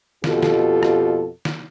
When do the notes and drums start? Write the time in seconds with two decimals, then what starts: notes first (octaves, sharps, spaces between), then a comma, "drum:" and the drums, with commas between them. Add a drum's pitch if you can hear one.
0.24 F2 B2 F4 G4 A4, drum: snare
0.43 drum: snare
0.83 drum: rim click
1.45 drum: snare